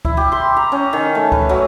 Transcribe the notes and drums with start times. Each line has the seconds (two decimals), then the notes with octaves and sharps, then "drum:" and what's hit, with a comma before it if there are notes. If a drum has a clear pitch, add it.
0.05 E4, drum: kick C#2
0.17 G4
0.32 C6
0.57 A#5
0.72 C#4
0.93 D#3
1.15 A3
1.32 B4, drum: kick C#2
1.49 F#3